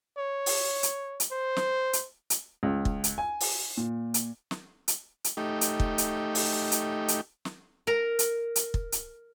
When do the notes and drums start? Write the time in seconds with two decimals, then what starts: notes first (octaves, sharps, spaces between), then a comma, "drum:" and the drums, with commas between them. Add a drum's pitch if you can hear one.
0.18 C#5
0.46 drum: open hi-hat
0.83 drum: hi-hat
1.20 drum: hi-hat
1.31 C5
1.57 drum: snare
1.93 drum: hi-hat
2.30 drum: hi-hat
2.63 C#2
2.85 drum: kick
3.04 drum: hi-hat
3.18 G#5
3.40 drum: open hi-hat
3.77 A#2
4.14 drum: hi-hat
4.51 drum: snare
4.88 drum: hi-hat
5.24 drum: hi-hat
5.37 A3 D#4 G4
5.61 drum: hi-hat
5.80 drum: kick
5.98 drum: hi-hat
6.35 drum: open hi-hat
6.72 drum: hi-hat
7.08 drum: hi-hat
7.45 drum: snare
7.87 A#4 A#5
8.19 drum: hi-hat
8.56 drum: hi-hat
8.74 drum: kick
8.92 drum: hi-hat